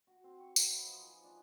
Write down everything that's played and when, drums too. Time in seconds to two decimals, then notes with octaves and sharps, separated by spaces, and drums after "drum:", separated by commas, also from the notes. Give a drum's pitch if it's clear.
0.07 F#4
0.24 C4
0.40 C#6
0.56 B4, drum: tambourine
0.69 D#4
0.85 F3
1.02 G#4
1.24 D4